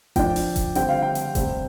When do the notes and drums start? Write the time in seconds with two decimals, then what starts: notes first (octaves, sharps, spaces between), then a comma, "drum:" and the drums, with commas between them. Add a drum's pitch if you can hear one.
0.16 F3 D4 G5, drum: kick F1, hi-hat
0.36 drum: open hi-hat
0.56 drum: kick F1, hi-hat
0.75 D3 G3 C4 G5, drum: hi-hat
0.89 F5
1.02 G5
1.15 drum: hi-hat
1.35 C3 G3 C4, drum: kick F1, hi-hat